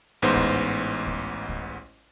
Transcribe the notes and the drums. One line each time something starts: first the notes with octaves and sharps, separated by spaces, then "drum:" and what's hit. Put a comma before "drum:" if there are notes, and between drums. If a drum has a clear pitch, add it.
A1 G#2 B3 C5
drum: kick C#2
drum: kick C#2
drum: kick C#2